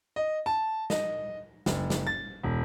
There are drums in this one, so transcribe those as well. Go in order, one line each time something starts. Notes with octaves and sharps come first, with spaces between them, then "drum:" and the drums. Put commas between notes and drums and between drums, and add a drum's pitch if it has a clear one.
D#5
A5
D#5, drum: snare
F#1, drum: snare
drum: snare
A6
E1